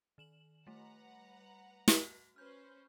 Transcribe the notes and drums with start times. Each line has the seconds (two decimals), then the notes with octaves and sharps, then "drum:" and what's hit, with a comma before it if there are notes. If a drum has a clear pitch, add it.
0.18 D#3 E7 F#7
0.67 G3 A3 B4 F#5 A#5
1.88 drum: snare
1.98 F#4
2.36 C#4 B4 C5 F6 G6